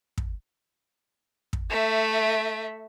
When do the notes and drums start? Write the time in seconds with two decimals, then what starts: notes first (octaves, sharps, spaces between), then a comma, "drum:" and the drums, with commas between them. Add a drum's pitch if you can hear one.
0.18 drum: kick
1.53 drum: kick
1.70 A3 E5